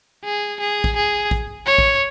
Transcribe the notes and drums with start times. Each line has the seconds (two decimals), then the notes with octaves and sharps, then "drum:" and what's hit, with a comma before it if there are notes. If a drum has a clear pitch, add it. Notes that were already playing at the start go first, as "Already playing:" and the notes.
0.25 G#4
0.60 G#4
0.84 drum: kick
0.96 G#4
1.31 drum: kick
1.66 C#5
1.78 drum: kick